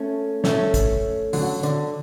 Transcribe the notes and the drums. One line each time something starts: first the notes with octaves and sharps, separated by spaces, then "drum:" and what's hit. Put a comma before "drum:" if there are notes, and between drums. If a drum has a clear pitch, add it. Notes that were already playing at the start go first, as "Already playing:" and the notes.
Already playing: A3 C#4
A3 C#4, drum: snare
drum: kick, hi-hat
D3 F#3, drum: open hi-hat
D3, drum: hi-hat